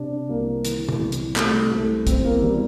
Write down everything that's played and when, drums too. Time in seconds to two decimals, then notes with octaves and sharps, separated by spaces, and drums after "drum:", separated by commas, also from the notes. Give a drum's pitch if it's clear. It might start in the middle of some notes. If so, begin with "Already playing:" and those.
Already playing: C3 D4
0.29 C2 A#3
0.65 E3, drum: hi-hat
0.89 drum: tom
1.00 C2
1.12 drum: hi-hat
1.36 C3 A3, drum: clap
1.44 G3
1.51 A3
1.71 C2 A3
2.07 E2 C4, drum: kick, hi-hat
2.24 A#3
2.42 E2 G3